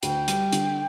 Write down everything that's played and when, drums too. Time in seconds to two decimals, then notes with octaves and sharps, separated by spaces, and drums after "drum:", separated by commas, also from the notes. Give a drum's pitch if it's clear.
0.03 D2 G5, drum: hi-hat
0.28 G3, drum: hi-hat
0.52 D3, drum: hi-hat